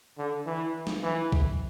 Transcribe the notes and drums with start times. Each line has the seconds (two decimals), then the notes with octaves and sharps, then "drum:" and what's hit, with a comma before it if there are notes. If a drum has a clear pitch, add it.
0.18 D3
0.46 E3
0.87 drum: snare
1.03 E3
1.32 drum: kick B1